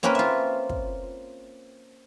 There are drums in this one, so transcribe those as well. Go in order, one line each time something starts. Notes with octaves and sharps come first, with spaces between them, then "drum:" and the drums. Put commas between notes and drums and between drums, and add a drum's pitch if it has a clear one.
A#3 C4 C#4 A#4 B4
F4 E5
drum: kick